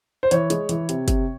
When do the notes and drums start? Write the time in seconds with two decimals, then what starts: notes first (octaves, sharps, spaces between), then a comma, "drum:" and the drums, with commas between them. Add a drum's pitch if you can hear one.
0.23 C5
0.31 E3 C#5, drum: hi-hat
0.50 G#3, drum: hi-hat
0.69 E3, drum: hi-hat
0.89 C3, drum: hi-hat
1.08 C3, drum: kick, hi-hat